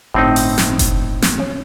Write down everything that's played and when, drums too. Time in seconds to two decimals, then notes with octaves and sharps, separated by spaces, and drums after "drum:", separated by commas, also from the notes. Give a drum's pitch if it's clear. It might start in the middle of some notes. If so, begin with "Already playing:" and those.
0.14 G1 A2 C4 D#4
0.36 drum: open hi-hat
0.58 drum: snare
0.79 drum: kick F1, hi-hat
1.22 drum: snare
1.39 C#4